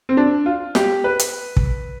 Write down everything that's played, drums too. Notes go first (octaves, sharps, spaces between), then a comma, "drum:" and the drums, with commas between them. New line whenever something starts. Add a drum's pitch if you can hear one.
C4
D4
F4
G4, drum: snare
B4
drum: hi-hat
drum: kick